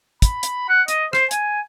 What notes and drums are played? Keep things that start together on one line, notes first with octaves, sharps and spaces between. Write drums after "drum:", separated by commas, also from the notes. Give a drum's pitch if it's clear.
B5, drum: kick, hi-hat
drum: hi-hat
F#5
D#5, drum: hi-hat
C5, drum: rim click
G#5, drum: hi-hat